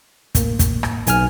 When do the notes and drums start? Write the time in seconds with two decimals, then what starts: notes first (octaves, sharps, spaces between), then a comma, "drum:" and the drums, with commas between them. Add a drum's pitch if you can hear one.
0.35 A2 A#3, drum: kick, hi-hat
0.59 drum: kick, hi-hat
0.83 drum: rim click
1.07 B1 G#5 F6, drum: hi-hat